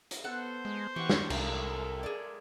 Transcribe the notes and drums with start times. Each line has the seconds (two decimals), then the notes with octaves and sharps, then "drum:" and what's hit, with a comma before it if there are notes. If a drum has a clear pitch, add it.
0.11 drum: hi-hat
0.24 B3 A4 C5 F#5
0.65 G#3
0.96 E3 G4 F#5 C#6
1.09 drum: snare
1.30 C2 A4 A#4, drum: cymbal
2.03 G#4 D5